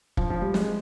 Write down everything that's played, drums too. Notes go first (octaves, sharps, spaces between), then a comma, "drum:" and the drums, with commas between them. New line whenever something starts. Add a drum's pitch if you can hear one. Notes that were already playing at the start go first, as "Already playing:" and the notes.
F3, drum: kick
F3
G3
G#3, drum: snare